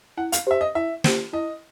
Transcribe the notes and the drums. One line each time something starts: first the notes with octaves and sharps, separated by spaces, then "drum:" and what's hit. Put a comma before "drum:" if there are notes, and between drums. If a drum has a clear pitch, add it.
E4 F#5
F5, drum: hi-hat
G4 C5 E5
D#5
E4 E5
G4 C5, drum: snare
E4 D#5